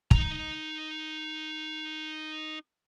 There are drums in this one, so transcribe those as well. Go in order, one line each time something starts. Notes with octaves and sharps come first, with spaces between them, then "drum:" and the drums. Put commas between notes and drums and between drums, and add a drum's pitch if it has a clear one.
D#4 A#5, drum: kick